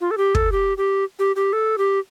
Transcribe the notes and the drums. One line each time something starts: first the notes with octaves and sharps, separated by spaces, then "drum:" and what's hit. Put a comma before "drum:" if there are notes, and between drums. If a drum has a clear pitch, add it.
F4
A4
G4
A4, drum: kick
G4
G4
G4
G4
A4
G4